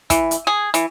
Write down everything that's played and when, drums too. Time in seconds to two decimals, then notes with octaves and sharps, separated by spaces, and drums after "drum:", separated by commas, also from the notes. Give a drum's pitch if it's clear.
0.10 E3, drum: kick, hi-hat
0.31 drum: hi-hat
0.47 G#4
0.74 E3, drum: hi-hat